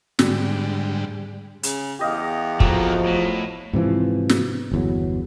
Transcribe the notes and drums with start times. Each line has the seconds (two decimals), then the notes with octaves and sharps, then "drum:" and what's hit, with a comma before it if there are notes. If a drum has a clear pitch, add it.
0.19 G#2 D3 G3, drum: snare
1.63 C#3, drum: hi-hat
1.99 E2 G4 D#5 F5
2.60 F3 A3 A#3 F#4 A#5, drum: kick
3.05 A2
3.73 G#2 C3 E3 F3
4.29 drum: snare
4.72 G1 E2 F#3